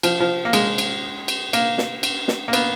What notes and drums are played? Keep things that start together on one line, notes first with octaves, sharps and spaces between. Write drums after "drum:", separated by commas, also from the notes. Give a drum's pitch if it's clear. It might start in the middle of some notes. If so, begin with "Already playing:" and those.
F3, drum: cymbal
F3
A#3
G#3, drum: cymbal
drum: cymbal
drum: cymbal
A#3, drum: cymbal
drum: snare
drum: cymbal
drum: snare
A#3
B3, drum: cymbal